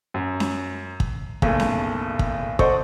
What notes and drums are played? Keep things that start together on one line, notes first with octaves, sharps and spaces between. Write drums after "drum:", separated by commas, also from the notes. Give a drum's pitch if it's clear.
F#2
drum: snare C#4
drum: kick
F#1 B1 A3 G#4, drum: kick
drum: snare C#4
drum: kick
A4 C5 D5 D#5 F#5 C#6, drum: kick